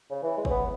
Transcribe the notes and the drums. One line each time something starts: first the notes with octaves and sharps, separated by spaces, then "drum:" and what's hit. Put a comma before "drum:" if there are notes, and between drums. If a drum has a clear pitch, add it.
C#3
E3
G#3
C#4, drum: kick
B3